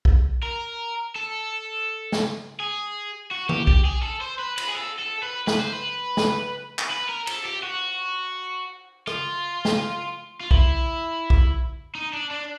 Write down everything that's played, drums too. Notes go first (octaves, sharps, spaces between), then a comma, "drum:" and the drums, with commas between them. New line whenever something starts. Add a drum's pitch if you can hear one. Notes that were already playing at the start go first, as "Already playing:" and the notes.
drum: kick A#1
A#4
A4
drum: snare
G#4
F#4
G4, drum: tom D#3
G4, drum: kick A#1
G#4
A4
C5
B4
B4, drum: cymbal
G#4
A4
A4
B4
B4, drum: snare
C5
B4
drum: snare
drum: clap
B4
A#4
A4, drum: cymbal
G4
F#4
F4, drum: rim click
drum: snare
F4
E4, drum: kick A#1
drum: kick A#1
D#4
D4
D4